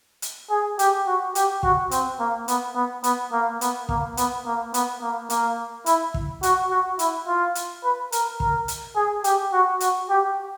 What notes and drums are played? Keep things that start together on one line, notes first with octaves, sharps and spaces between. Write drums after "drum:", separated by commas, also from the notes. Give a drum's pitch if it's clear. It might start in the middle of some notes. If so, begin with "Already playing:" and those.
drum: hi-hat
G#4
G4, drum: hi-hat
F#4
G4, drum: hi-hat
F#4, drum: kick
C4, drum: hi-hat
A#3
B3, drum: hi-hat
B3
B3, drum: hi-hat
A#3
B3, drum: hi-hat
A#3, drum: kick
B3, drum: hi-hat
A#3
B3, drum: hi-hat
A#3
A#3, drum: hi-hat
E4, drum: hi-hat
drum: kick
F#4, drum: hi-hat
F#4
E4, drum: hi-hat
F4
drum: hi-hat
B4
A#4, drum: hi-hat
A#4, drum: kick
drum: hi-hat
G#4
G4, drum: hi-hat
F#4
F#4, drum: hi-hat
G4